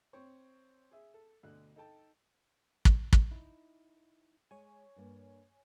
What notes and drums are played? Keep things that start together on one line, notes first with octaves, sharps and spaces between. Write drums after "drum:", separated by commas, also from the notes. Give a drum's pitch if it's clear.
C4 C#5 C#6
G#4 E5
A4
D2 B2 D3 F#6
D#4 A4 G5 A5
drum: kick
drum: kick
D#4 E4
G#3 C#5 G#5
G2 A#3